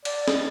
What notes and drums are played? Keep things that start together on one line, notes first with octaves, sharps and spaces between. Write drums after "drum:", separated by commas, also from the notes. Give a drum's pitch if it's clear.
D5, drum: cymbal
drum: snare